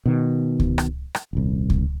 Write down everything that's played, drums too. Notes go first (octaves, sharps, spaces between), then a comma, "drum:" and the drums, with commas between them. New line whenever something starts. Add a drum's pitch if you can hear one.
B2 D#3
drum: kick C#2
drum: rim click
drum: rim click
D#1 C2
drum: kick C#2